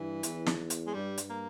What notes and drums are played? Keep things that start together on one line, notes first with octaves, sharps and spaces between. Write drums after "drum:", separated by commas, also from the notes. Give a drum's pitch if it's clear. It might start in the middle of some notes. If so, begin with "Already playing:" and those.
Already playing: G2 E3
E2, drum: hi-hat
drum: snare
drum: hi-hat
G#3
G2 G3
drum: hi-hat
A#3